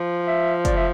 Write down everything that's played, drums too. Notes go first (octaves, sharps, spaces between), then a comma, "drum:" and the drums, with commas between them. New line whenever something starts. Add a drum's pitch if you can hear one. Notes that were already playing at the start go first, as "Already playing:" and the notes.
Already playing: F3
E5
D5, drum: kick, hi-hat
E5